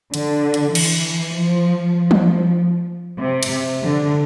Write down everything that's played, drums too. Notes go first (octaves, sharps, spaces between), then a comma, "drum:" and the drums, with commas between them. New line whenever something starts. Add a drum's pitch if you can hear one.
D3, drum: hi-hat
drum: hi-hat
E3, drum: cymbal
F3
F3
drum: tom F3
C3
drum: cymbal
D3